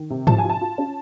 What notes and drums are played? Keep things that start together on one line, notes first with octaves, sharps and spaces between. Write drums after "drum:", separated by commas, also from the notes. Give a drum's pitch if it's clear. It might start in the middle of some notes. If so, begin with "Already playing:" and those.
Already playing: D#3
C3
F3 A5, drum: tom G#2
G#5
F4
A5
F4
C#4